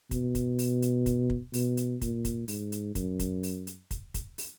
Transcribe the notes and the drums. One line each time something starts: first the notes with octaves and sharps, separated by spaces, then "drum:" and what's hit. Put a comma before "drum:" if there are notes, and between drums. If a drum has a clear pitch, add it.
B2, drum: kick, hi-hat
drum: kick, hi-hat
drum: open hi-hat
drum: hi-hat
drum: kick, hi-hat
drum: kick
B2, drum: open hi-hat
drum: hi-hat
A#2, drum: kick, hi-hat
drum: kick, hi-hat
G#2, drum: open hi-hat
drum: hi-hat
F#2, drum: kick, hi-hat
drum: kick, hi-hat
drum: open hi-hat
drum: hi-hat
drum: kick, hi-hat
drum: kick, hi-hat
drum: open hi-hat